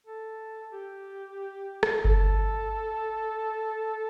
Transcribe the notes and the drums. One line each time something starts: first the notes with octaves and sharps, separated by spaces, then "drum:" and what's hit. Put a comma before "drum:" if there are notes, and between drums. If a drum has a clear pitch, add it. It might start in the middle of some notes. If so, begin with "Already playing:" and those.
A4
G4
drum: rim click
A4, drum: kick G1